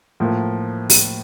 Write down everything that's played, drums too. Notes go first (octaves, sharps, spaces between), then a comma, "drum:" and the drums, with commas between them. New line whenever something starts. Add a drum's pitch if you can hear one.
A2 F3 A#3
drum: open hi-hat